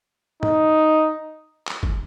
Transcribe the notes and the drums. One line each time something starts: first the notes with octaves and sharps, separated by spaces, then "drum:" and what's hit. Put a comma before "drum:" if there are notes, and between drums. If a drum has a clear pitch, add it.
D#4, drum: tom G#2
drum: clap
drum: kick